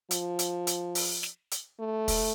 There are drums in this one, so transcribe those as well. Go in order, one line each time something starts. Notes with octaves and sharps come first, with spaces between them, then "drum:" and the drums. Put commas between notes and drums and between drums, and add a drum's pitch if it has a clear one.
F3, drum: hi-hat
drum: hi-hat
drum: hi-hat
drum: open hi-hat
drum: snare
drum: hi-hat
A3
drum: kick, open hi-hat